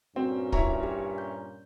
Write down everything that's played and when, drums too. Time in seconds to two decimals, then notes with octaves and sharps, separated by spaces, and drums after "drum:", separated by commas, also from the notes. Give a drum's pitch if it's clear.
0.16 G2 A#2 C4 C#4 F#4
0.52 E4 C#5 A#5, drum: kick
0.83 G4
1.18 G6